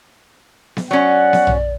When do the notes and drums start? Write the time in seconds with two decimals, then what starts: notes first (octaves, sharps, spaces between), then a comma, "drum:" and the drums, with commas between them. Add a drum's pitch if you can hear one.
0.77 drum: snare B3
0.91 F#3 C#4 D5 F#5
1.33 drum: snare B3
1.47 drum: tom A#1